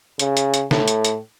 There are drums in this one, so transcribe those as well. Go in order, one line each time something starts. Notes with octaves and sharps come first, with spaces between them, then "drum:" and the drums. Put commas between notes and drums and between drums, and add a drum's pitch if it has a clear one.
C#3, drum: hi-hat
drum: hi-hat
drum: hi-hat
A2, drum: snare
drum: hi-hat
drum: hi-hat